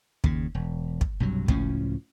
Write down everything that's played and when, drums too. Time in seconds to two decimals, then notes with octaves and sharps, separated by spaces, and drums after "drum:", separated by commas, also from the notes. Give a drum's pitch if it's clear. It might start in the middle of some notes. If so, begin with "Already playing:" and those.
0.24 D#2 C#3, drum: kick
0.55 E1
1.01 drum: kick
1.20 B1 G2 C3 F#3
1.48 C#2 A2 F3 C#4, drum: kick